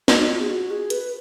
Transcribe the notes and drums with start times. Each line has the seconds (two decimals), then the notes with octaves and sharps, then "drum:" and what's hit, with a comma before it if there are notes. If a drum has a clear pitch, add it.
0.08 F#4, drum: snare
0.28 F4
0.40 G#4
0.50 F#4
0.70 G#4
0.90 B4, drum: hi-hat